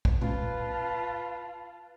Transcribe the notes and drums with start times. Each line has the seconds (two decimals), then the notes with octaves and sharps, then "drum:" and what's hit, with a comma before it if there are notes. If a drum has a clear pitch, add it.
0.05 drum: kick
0.21 F4 B4 A5, drum: tom A#2